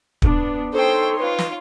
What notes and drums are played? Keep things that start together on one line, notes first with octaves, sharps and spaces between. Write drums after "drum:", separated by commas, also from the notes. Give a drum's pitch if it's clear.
B3 D4, drum: kick
D#4 A4 C5 C#5 G5 C6
F4 B4
drum: snare